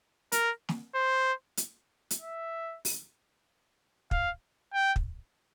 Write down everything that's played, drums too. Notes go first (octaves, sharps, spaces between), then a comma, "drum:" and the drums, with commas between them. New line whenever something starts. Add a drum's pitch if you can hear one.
A#4, drum: hi-hat
drum: snare
C5
drum: hi-hat
drum: hi-hat
E5
drum: open hi-hat
F5, drum: kick
G5
drum: kick